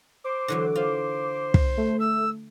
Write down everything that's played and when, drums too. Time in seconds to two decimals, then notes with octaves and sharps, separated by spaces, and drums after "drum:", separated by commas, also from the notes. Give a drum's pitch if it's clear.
0.24 C5 D6
0.48 D3 E3 F#3
0.76 F4 C5
1.54 drum: kick
1.77 A3
2.00 E6